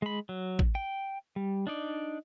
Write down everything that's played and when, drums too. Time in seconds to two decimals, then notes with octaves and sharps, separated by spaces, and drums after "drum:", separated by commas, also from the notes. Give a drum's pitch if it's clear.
0.02 G#3 B5
0.29 F#3
0.59 drum: kick A1
0.75 G5
1.36 G3
1.67 D4 D#4 D5